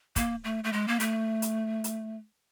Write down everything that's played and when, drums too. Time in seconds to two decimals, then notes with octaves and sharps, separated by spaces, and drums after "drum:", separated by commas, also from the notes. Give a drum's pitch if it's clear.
0.16 A#3, drum: kick, hi-hat
0.44 A3
0.64 A3
0.73 G#3
0.88 A#3
1.00 A3, drum: hi-hat
1.42 drum: hi-hat
1.84 drum: hi-hat